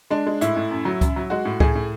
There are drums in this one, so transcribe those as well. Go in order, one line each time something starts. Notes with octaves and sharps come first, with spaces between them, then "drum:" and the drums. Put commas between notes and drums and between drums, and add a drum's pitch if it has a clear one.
G#3 D4
G#3
A2 E4, drum: hi-hat
A2
F#2
F#3
F#2, drum: kick C#2, hi-hat
F#3
G#3 F#4
A2
A2 G#4, drum: kick C#2
A2